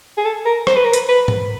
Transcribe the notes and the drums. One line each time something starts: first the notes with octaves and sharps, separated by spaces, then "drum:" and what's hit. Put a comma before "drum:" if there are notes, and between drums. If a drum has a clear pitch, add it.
G#4
A4
A#4
C5, drum: rim click
B4
A#4
B4, drum: hi-hat
B4
drum: tom G#2